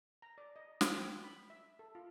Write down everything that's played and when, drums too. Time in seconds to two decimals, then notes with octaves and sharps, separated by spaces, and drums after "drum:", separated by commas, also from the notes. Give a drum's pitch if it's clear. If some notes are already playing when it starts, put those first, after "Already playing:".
0.22 A#5
0.38 D5
0.56 D#5
0.81 F4, drum: snare
0.98 G5
1.24 B5
1.50 E5
1.79 A4
1.95 F4